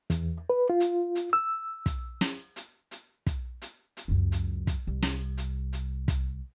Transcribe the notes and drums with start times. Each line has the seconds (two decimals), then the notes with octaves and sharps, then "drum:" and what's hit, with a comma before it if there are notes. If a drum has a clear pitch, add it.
0.10 E2, drum: hi-hat
0.50 B4
0.70 F4
0.80 drum: hi-hat
1.15 drum: hi-hat
1.33 E6
1.86 drum: kick, hi-hat
2.21 drum: snare
2.56 drum: hi-hat
2.91 drum: hi-hat
3.27 drum: kick, hi-hat
3.62 drum: hi-hat
3.97 drum: hi-hat
4.08 C#2 F#2
4.32 drum: hi-hat
4.67 drum: kick, hi-hat
4.87 C2
5.02 drum: snare
5.38 drum: hi-hat
5.73 drum: hi-hat
6.08 drum: kick, hi-hat